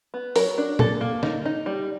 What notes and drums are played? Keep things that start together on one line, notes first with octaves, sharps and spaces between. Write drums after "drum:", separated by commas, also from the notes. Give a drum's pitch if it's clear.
B3
F#3 A#4, drum: open hi-hat
D4
A#3 A4, drum: tom A#2
A#3
D#4, drum: snare
D#4
G3